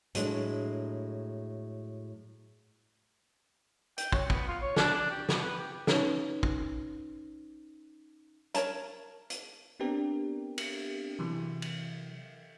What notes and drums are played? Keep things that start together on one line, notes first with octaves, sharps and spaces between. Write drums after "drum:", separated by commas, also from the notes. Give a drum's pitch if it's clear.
A2 F#3 G#3 A3 D4, drum: hi-hat
G5, drum: hi-hat
C#5, drum: kick
B3, drum: kick
F4
C#5
D4, drum: snare
D4
G4
B3, drum: snare
B4
G4
C#4 D#4 B4 C#5, drum: snare
drum: kick
A#4 C#5 A5 A#5, drum: hi-hat
drum: hi-hat
B3 C4 D4 G4 A#4
drum: cymbal
C3 E3 F#3
drum: cymbal